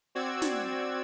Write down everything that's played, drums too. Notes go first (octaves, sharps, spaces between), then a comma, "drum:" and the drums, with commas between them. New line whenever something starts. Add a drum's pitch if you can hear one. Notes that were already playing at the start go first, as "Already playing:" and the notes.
C4 F#4 D5 E6 G#6
drum: snare